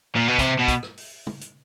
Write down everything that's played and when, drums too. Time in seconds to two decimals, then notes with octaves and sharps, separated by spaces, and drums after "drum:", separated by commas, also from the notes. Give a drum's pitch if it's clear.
0.16 A#2
0.28 B2
0.39 C3, drum: kick, hi-hat
0.59 B2
0.68 drum: kick, hi-hat
0.83 drum: rim click
0.97 drum: open hi-hat
1.27 drum: tom
1.41 drum: hi-hat